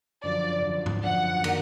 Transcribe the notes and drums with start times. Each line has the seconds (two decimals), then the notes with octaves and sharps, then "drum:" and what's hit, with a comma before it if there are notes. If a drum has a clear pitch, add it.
0.23 F#2 D3 F3 D5
0.64 F#2 D3 F3
0.86 drum: tom G#2
1.04 F#2 D3 F3 F#5
1.44 D#3 A#3 D4 F#4 A#4, drum: cymbal